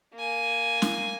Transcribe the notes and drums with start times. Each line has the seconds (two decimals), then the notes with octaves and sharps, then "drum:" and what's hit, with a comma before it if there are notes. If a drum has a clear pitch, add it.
0.15 A#3 G#5
0.82 drum: snare